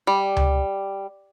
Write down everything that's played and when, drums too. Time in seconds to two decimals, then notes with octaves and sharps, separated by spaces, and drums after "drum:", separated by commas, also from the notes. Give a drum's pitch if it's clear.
0.07 G3
0.37 drum: tom C#2